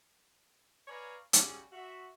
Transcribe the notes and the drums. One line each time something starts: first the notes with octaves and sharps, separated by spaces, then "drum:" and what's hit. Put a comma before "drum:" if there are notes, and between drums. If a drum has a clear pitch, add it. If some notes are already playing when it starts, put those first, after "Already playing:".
B4 C#5 D5 F5 G#5 A#5
C#3 G3 C#4 F#4 G#4, drum: hi-hat
F#4 E5